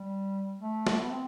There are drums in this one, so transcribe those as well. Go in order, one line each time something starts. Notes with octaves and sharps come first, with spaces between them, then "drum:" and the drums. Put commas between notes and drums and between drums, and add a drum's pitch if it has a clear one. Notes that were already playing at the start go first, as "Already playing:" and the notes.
Already playing: G3
A3
drum: snare
B3
C4